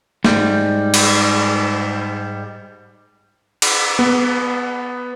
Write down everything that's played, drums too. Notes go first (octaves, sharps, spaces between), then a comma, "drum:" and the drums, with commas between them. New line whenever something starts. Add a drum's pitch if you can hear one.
G#2 G3, drum: snare A3
drum: cymbal
drum: cymbal
B3